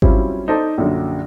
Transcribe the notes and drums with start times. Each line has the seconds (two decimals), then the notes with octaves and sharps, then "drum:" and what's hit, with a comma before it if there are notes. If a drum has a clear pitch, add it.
0.02 F#3 G3 C4 C#4 E4 F4, drum: kick G#1
0.48 D#4 A4 C5 D5 A5
0.78 A#1 F#2 D3